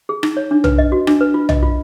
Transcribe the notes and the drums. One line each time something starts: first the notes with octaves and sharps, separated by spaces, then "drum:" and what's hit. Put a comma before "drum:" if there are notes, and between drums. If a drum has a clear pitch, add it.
G#4
D#4, drum: rim click
C#5
D4
B4, drum: tom B1
D#5
F#4
D4, drum: rim click
B4
F4
D#5, drum: tom B1
F4